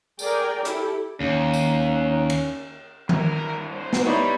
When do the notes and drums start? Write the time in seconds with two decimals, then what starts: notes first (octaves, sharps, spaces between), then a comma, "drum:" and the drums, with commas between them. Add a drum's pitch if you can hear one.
0.19 G#4 A#4 D5 G5, drum: tambourine
0.65 E4 G4 A4, drum: hi-hat
1.21 D#2 C#4
1.54 drum: tambourine
2.30 drum: cymbal
3.09 G2 E3 A#4, drum: tom D#3
3.73 C5
3.93 drum: snare
4.05 G3 B3 D#4 E4 B4 C#5 D5 B5